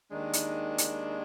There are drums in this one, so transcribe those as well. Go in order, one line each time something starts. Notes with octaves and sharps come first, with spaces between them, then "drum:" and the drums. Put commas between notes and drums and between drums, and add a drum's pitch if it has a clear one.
D#2 D#3 G#3 D4
drum: hi-hat
drum: hi-hat